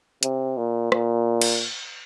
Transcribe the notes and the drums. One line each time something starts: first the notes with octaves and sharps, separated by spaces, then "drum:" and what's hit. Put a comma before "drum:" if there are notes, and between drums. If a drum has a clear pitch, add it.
C3, drum: hi-hat
A#2
A#2, drum: rim click
drum: cymbal